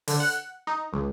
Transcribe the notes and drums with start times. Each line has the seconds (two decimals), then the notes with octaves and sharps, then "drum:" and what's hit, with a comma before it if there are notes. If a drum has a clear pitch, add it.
0.08 D3, drum: open hi-hat
0.20 F#5
0.67 D#4
0.93 C#2